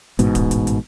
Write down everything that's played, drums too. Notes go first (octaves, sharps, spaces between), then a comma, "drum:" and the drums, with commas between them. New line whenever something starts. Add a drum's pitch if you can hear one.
A1 G#2 B2, drum: hi-hat
drum: kick D1, hi-hat
drum: hi-hat
drum: hi-hat